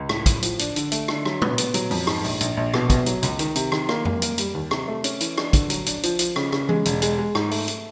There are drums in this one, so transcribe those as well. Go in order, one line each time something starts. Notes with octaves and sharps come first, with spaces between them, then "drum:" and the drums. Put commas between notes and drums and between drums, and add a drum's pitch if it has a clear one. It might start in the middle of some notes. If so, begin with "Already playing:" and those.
Already playing: C#2
A2, drum: rim click
A2, drum: kick, hi-hat
F3, drum: hi-hat
D4, drum: hi-hat
D3, drum: hi-hat
A3, drum: hi-hat
D3, drum: rim click
F#3, drum: rim click
B3, drum: tom A#2
B3, drum: hi-hat
F#3, drum: hi-hat
F2, drum: open hi-hat
G#2, drum: rim click
A#1, drum: open hi-hat
A#1, drum: hi-hat
A#1
B2, drum: rim click
B2, drum: kick, hi-hat
F#3, drum: hi-hat
C#2, drum: hi-hat
D#3, drum: hi-hat
C3, drum: hi-hat
D#3, drum: rim click
A#3, drum: rim click
A#3, drum: tom F2
A#3, drum: hi-hat
G3, drum: hi-hat
D#2
C3, drum: rim click
A3
C#4, drum: hi-hat
E3, drum: hi-hat
D4, drum: rim click
D3, drum: kick, hi-hat
F#3, drum: hi-hat
D4, drum: hi-hat
F3, drum: hi-hat
F3, drum: hi-hat
C#3, drum: rim click
C#3, drum: rim click
G#3, drum: tom E3
E1, drum: hi-hat
G#3, drum: hi-hat
G#3
G#2, drum: rim click
A3, drum: open hi-hat
drum: hi-hat